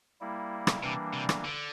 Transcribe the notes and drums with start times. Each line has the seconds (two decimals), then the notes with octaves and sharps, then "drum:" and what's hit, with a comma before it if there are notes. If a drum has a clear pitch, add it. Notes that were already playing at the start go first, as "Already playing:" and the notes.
0.21 G3 A#3 E4
0.67 drum: rim click
0.83 C3 E3 G3 A#3 D4
1.13 C3
1.29 drum: rim click
1.45 D3